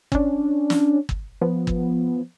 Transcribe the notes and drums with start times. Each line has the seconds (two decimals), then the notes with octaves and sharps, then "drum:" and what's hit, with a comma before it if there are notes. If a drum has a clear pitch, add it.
0.12 C#4 D4, drum: kick
0.70 drum: snare
1.09 drum: kick
1.41 F3 B3
1.67 drum: kick